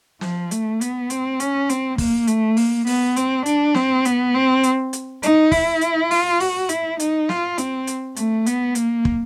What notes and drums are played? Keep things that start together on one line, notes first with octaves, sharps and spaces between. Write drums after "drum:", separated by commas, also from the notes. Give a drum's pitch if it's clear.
F3, drum: snare
A3, drum: hi-hat
B3, drum: hi-hat
C4, drum: hi-hat
C#4, drum: hi-hat
C4, drum: hi-hat
A#3, drum: kick, open hi-hat
A3, drum: hi-hat
A#3, drum: open hi-hat
B3, drum: open hi-hat
C4, drum: hi-hat
D4, drum: hi-hat
C4, drum: snare
B3, drum: hi-hat
C4
drum: hi-hat
drum: hi-hat
D#4, drum: hi-hat
E4, drum: kick, open hi-hat
drum: hi-hat
F4, drum: open hi-hat
F#4, drum: open hi-hat
E4, drum: hi-hat
D#4, drum: hi-hat
F4, drum: snare
C4, drum: hi-hat
drum: hi-hat
A3, drum: hi-hat
B3, drum: hi-hat
A#3, drum: hi-hat
drum: kick